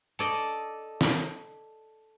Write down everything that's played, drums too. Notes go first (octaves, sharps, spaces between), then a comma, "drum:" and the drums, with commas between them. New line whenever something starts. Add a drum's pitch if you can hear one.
A4 D5 D#5
drum: snare